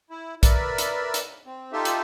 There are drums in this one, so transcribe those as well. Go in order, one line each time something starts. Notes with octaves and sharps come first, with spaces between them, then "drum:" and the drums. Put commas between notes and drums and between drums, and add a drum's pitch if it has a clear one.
E4
A#4 B4 D5 E5, drum: kick, hi-hat
drum: hi-hat
drum: hi-hat
C4
D#4 F4 G4 A4 E5
drum: hi-hat